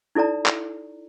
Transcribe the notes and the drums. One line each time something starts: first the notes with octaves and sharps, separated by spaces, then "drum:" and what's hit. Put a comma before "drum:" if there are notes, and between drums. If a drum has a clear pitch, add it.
D#4 E4 A4 D5 A#5
drum: clap